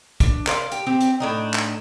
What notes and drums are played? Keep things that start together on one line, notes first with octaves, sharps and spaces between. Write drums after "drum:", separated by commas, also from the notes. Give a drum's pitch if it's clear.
D4, drum: kick, hi-hat
A#4 C5 D5 F5, drum: clap
G4, drum: hi-hat
C4 G4
drum: hi-hat
A2 D4 D#4
drum: clap